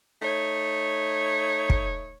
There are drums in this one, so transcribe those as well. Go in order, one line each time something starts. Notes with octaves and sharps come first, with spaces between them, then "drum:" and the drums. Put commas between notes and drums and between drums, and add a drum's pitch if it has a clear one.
A3 D#4 C#5
drum: kick